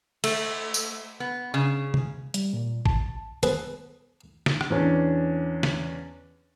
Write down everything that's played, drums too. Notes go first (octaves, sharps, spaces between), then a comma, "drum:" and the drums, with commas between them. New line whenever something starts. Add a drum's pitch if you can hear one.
A3, drum: cymbal
drum: tambourine
B3
C#3
drum: tom
G3, drum: hi-hat
A#2
A5, drum: kick G#1
B3 G#4 A4 B4 C5, drum: hi-hat
drum: snare
drum: rim click
E2 C#4 D4
drum: snare